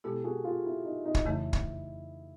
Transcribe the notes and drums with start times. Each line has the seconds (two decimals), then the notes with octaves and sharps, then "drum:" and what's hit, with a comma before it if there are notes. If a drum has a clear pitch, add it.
0.04 B2 G#3 B3 E4 G4 A4
0.24 F#4 G#4
0.44 F4 G4
0.65 E4
0.85 D#4
1.05 D#4
1.15 drum: kick
1.26 F2 C#3 E3 A3 E4
1.53 drum: kick